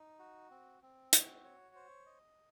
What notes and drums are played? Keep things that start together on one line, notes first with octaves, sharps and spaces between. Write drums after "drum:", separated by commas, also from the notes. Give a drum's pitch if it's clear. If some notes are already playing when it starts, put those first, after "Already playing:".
Already playing: D#4
F#4
C4
C4
F#4, drum: hi-hat
C#5
C5
D#5